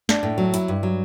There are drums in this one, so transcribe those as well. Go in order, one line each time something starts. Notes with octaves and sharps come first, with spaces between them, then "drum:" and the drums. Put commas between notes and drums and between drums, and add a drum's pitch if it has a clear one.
D4, drum: snare
A2
F#3
E4, drum: hi-hat
G2
F#3